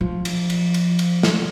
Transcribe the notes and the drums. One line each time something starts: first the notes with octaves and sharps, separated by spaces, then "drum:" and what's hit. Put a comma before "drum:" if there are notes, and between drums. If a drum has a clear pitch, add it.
F3
drum: cymbal
drum: cymbal
drum: cymbal
drum: cymbal
drum: snare